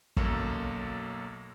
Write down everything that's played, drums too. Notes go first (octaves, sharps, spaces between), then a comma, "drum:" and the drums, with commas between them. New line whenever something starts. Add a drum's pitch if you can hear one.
B1 F#2 A3 A#3 A4, drum: kick